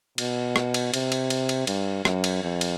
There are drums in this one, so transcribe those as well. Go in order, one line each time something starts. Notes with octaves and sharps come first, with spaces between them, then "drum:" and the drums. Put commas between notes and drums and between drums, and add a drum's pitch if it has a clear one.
B2, drum: cymbal
drum: rim click
drum: cymbal
C3, drum: cymbal
drum: cymbal
drum: cymbal
drum: cymbal
G2, drum: cymbal
F#2, drum: rim click
drum: cymbal
F2
drum: cymbal